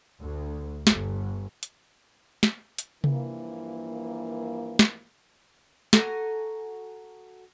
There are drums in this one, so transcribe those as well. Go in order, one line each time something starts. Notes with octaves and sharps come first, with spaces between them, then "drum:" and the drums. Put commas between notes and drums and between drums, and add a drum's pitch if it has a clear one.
D2
G1, drum: snare
drum: hi-hat
drum: snare
drum: hi-hat
G2 E3 F3 A#3, drum: tom C3
drum: snare
F#4 A4 G#5 A#5, drum: snare